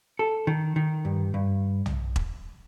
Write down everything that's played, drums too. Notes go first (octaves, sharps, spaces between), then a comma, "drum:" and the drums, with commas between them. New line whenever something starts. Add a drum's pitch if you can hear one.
A4
D#3
D#3
G2
G2
drum: tom
drum: kick E1